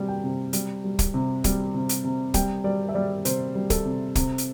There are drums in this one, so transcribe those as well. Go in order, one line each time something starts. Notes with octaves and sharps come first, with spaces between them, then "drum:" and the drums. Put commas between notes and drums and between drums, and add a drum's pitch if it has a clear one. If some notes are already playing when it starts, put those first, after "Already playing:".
Already playing: C3 G3
G5
C3
G3, drum: hi-hat
G3
drum: kick, hi-hat
C3
G3, drum: kick, hi-hat
C3
drum: hi-hat
C3
G3 G5, drum: kick, hi-hat
G3 D5
E5
G3 D5
C3 C5, drum: hi-hat
G3
A4, drum: kick, hi-hat
C3
C3, drum: kick, hi-hat
drum: hi-hat